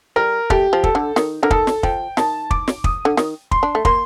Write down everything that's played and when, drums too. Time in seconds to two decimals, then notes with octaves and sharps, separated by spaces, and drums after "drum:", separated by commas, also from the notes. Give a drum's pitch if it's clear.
0.16 G3 A#4
0.50 A3 G4, drum: kick
0.73 F3
0.84 A4, drum: kick
0.95 D3
1.16 D#3, drum: snare
1.43 D3 A#4
1.51 D#3 A4, drum: kick
1.67 drum: snare
1.83 F3 G5, drum: kick
2.17 D#3 A5, drum: snare
2.51 D6, drum: kick
2.68 drum: snare
2.84 D#6, drum: kick
3.05 D3
3.17 D#3, drum: snare
3.51 C6, drum: kick
3.63 D4
3.75 A3
3.85 A#3 C6, drum: kick